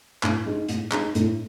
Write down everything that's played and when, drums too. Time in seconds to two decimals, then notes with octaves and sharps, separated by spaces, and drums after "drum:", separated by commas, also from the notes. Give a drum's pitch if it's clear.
0.23 A2, drum: clap
0.46 G#3 D#4
0.69 A2, drum: hi-hat
0.92 G#3 D#4, drum: clap
1.15 A2, drum: hi-hat